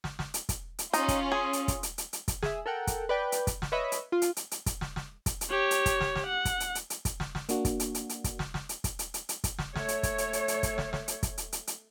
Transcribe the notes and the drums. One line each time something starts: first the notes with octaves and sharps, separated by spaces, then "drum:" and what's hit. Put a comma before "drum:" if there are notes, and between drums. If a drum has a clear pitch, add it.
drum: snare
drum: snare
drum: hi-hat
drum: kick, hi-hat
drum: hi-hat
C#4 D#4 F4, drum: hi-hat
drum: kick, hi-hat
G#4
drum: hi-hat
drum: kick, hi-hat
drum: hi-hat
drum: hi-hat
drum: hi-hat
drum: kick, hi-hat
G#4 E5, drum: snare
A4 A#4 F#5 G5
drum: kick, hi-hat
B4 D5 G5
drum: hi-hat
drum: kick, hi-hat
drum: snare
B4 C#5 D#5 E5 B5
drum: hi-hat
F4
drum: hi-hat
drum: hi-hat
drum: hi-hat
drum: kick, hi-hat
drum: snare
drum: snare
drum: kick, hi-hat
drum: hi-hat
G4 C#5
drum: hi-hat
drum: kick, hi-hat
drum: snare
drum: snare
F#5
drum: kick, hi-hat
drum: hi-hat
drum: hi-hat
drum: hi-hat
drum: kick, hi-hat
drum: snare
drum: snare
A#3 D4 F#4, drum: hi-hat
drum: kick, hi-hat
drum: hi-hat
drum: hi-hat
drum: hi-hat
drum: kick, hi-hat
drum: snare
drum: snare
drum: hi-hat
drum: kick, hi-hat
drum: hi-hat
drum: hi-hat
drum: hi-hat
drum: kick, hi-hat
drum: snare
A3 C#5, drum: snare
drum: hi-hat
drum: kick, hi-hat
drum: hi-hat
drum: hi-hat
drum: hi-hat
drum: kick, hi-hat
drum: snare
drum: snare
drum: hi-hat
drum: kick, hi-hat
drum: hi-hat
drum: hi-hat
drum: hi-hat